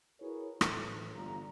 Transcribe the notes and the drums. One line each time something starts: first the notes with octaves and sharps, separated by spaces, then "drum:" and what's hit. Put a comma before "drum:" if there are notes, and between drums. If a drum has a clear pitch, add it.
E4 F#4 G#4 A#4 B4 C#5
A2 E3, drum: rim click
G1 D2 G3 F4 A#5